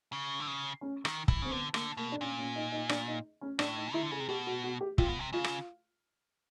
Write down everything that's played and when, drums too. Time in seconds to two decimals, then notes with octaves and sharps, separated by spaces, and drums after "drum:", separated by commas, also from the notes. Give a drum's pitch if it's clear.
0.13 C#3
0.40 D3
0.47 C#3
0.81 C#4
1.05 D#3, drum: rim click
1.28 E3, drum: kick
1.42 C#3 C4
1.51 D3 B3
1.74 D3 A#3, drum: rim click
1.97 B2 A#3
2.12 D4
2.21 A#2 C#4
2.38 C#4
2.56 D#4
2.72 D#4
2.89 D4, drum: rim click
3.08 D#4
3.41 C#4
3.59 A2 D4, drum: rim click
3.76 D#4
3.93 D#3 E4
4.03 D3
4.11 C#3 G#4
4.20 C3
4.29 B2 G4
4.47 F#4
4.64 F#4
4.81 G4
4.98 C3 F4, drum: kick
5.09 B2
5.19 C3
5.33 C#3 F4
5.44 drum: rim click